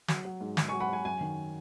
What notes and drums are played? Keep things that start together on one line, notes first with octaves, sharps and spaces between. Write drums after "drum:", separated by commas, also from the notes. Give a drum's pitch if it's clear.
F#3, drum: snare
F#3
G#2
G#2, drum: snare
G#5 C#6
F#3
F#5 B5
F#3 G#5
F#2 G#5
D#3